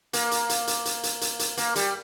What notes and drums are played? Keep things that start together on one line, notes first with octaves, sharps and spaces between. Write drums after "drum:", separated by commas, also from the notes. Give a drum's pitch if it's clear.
A#3, drum: hi-hat
drum: hi-hat
drum: hi-hat
drum: hi-hat
drum: hi-hat
drum: hi-hat
drum: hi-hat
drum: hi-hat
A#3, drum: hi-hat
G3, drum: hi-hat